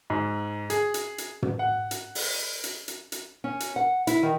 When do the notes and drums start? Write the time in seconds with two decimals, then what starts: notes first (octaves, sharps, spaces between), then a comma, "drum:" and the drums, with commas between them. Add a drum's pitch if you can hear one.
0.10 G#2
0.70 G#4, drum: hi-hat
0.94 drum: hi-hat
1.18 drum: hi-hat
1.42 drum: tom
1.59 F#5
1.91 drum: hi-hat
2.15 drum: open hi-hat
2.64 drum: hi-hat
2.88 drum: hi-hat
3.12 drum: hi-hat
3.44 C#4
3.60 drum: hi-hat
3.76 F#5
4.07 E4, drum: hi-hat
4.23 D#3